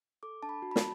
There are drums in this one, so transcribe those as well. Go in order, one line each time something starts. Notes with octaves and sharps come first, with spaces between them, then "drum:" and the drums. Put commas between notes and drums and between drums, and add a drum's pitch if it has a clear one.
A4 D6
D4 A5
B5
F#4
B5
A5, drum: snare